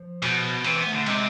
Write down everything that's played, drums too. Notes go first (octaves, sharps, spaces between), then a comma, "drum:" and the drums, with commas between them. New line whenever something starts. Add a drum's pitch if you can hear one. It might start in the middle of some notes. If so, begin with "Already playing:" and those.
Already playing: F3
B2, drum: cymbal
C3 E3, drum: cymbal
B3
A3
D3
C3 G#3, drum: cymbal